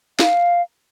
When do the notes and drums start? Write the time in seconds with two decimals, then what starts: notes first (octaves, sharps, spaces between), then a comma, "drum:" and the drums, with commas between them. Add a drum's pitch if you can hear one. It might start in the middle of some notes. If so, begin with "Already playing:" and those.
0.19 F5, drum: snare